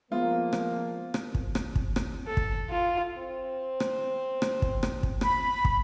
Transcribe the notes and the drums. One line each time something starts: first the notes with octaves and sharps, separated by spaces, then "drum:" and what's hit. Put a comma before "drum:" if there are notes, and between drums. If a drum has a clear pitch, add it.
F3 G#3 A#3 B3 F4
drum: rim click
drum: rim click
drum: kick
drum: rim click
drum: kick
drum: rim click
A4
drum: kick
F4
C4
drum: rim click
drum: rim click
drum: kick
drum: rim click
drum: kick
B5, drum: rim click
drum: kick